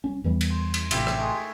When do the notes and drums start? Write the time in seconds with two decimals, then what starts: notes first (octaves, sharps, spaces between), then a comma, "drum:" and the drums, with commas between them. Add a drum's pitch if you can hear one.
0.04 C2 C#4
0.24 E2 E3 G3
0.41 drum: cymbal
0.50 C5
0.74 drum: cymbal
0.91 A1 C3 E4 F4 G4, drum: cymbal
1.07 drum: rim click
1.18 G#3 A3